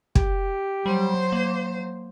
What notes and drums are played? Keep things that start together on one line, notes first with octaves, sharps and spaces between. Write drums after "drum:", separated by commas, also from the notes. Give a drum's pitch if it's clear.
G4, drum: kick
F#3 G3 C5
A#3